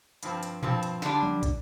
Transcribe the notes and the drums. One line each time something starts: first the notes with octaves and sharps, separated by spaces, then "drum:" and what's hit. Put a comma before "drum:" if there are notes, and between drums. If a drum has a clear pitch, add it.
G2 F3 C4, drum: hi-hat
drum: hi-hat
G2 F3 C4, drum: tom A#2
drum: hi-hat
D3 G3 D4, drum: snare
drum: tom F3
drum: kick, hi-hat